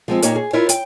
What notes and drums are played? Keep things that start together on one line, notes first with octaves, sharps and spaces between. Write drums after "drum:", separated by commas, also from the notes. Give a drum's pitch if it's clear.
F3 G#3 C4
A#2 A#3 D#4 G4 C#5, drum: hi-hat
G#4
E4 F4 A#4 C#5
G5, drum: hi-hat